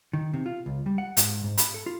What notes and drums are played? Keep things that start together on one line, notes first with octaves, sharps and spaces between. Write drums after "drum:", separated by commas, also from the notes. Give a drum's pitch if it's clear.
D#3
C3
F4
C#2
G3
F#5
G#2, drum: hi-hat
G#2
B5, drum: hi-hat
A4
F4